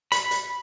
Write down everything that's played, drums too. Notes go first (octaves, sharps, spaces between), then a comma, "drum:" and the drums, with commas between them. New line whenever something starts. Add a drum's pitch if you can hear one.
B5, drum: hi-hat
drum: hi-hat